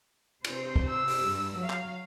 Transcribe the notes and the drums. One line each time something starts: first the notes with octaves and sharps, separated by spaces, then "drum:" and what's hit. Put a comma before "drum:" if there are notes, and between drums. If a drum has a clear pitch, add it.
C3 C5, drum: cymbal
drum: kick
E6
drum: open hi-hat
G2
F#3 F5
drum: clap